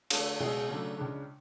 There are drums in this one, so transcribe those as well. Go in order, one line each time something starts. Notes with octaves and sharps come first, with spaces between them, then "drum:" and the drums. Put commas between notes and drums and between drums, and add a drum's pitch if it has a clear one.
D3 A3 D4, drum: cymbal
C#2 B2 G#3 G#4
C#3 F#3 A3 D4
C#2 C#3 G#3 D4